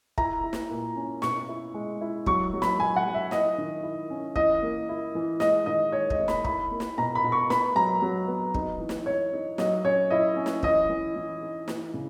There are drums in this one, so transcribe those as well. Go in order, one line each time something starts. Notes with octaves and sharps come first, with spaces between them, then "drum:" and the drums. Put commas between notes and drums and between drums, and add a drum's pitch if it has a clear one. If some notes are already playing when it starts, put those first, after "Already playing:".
E4 A#5, drum: kick
E4
drum: snare
A#2
C#4
B2 C#6, drum: snare
E4
G#3
E4
F#3 C#6, drum: kick
F#3
B5, drum: snare
F#3 G#5
F#5
F#3
E5
E4 D#5, drum: snare
D#3
E4
C#4
E3 D#5, drum: kick
A#3
E4
E3
G#3 D#5, drum: snare
D#3 D#5
G#3 C#5
D#5, drum: kick
D#4
B5, drum: snare
E4 B5, drum: kick
A#3
drum: snare
B2 A#5
B5
B2
C#6
B3 B5, drum: snare
F#3 A#5
F#3
B3
D#4, drum: kick
E3
drum: snare
D#4 C#5
D#4
F#3 D#5, drum: snare
C#4 C#5
E4 D#5
C#4
drum: snare
E3 D#5, drum: kick
E3
E3
D#4
E3, drum: snare
C#3